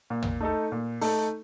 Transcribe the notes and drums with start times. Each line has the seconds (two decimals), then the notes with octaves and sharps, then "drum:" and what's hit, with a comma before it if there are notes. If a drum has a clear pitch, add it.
0.10 A#2
0.22 drum: tom
0.40 A3 D#4 A4
0.72 A#2
1.01 A3 D#4 A4, drum: open hi-hat